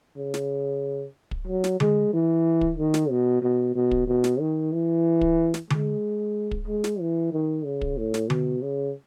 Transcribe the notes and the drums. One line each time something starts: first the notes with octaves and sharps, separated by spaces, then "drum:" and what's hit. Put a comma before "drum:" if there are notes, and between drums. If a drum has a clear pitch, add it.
C#3
drum: snare
drum: kick
F#3
drum: snare
G#3, drum: tom D3
E3
drum: kick
D#3
drum: snare
B2
B2
B2
drum: kick
B2
drum: snare
D#3
E3
drum: kick
drum: snare
G#3, drum: tom D3
drum: kick
G#3
drum: snare
E3
D#3
C#3
drum: kick
A2
drum: snare
B2, drum: tom D3
C#3